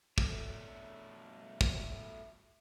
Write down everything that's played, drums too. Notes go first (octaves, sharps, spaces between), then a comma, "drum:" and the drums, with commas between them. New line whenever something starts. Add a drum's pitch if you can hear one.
B2 A3, drum: kick
drum: kick